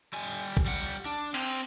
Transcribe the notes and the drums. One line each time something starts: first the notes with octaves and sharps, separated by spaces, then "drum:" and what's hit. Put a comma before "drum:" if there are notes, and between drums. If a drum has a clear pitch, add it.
G3 G#5
drum: kick A#1
G3 F#5
D4
C4, drum: cymbal